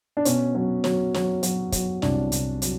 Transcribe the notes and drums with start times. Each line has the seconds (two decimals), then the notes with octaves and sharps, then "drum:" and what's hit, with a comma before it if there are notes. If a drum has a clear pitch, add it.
0.17 D4
0.25 B2 C#4, drum: hi-hat
0.55 F#3
0.84 F#3, drum: snare
1.14 F#3, drum: snare
1.43 F#3, drum: hi-hat
1.72 F#3, drum: kick, hi-hat
2.02 C2 D4, drum: snare
2.32 C2, drum: hi-hat
2.62 F#3, drum: hi-hat